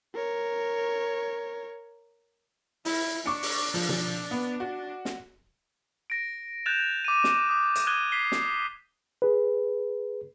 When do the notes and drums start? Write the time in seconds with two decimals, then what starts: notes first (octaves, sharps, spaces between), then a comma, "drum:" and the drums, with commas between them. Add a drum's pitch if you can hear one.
0.14 A#4 C#5
2.85 E4, drum: open hi-hat
3.26 D4 C#6 D6 C#7
3.43 drum: open hi-hat
3.74 F3, drum: open hi-hat
3.89 drum: tom B2
4.31 B3
4.60 F#4
5.05 drum: snare
6.10 A#6 D7
6.66 F#6 G6 A6 E7 F7
7.05 D6 D#7
7.24 drum: snare
7.49 D6 D#6
7.75 drum: hi-hat
7.87 D#6 F#6 G#6 D#7 G7
8.12 B6 C7 G7
8.32 drum: snare
9.22 G#4 B4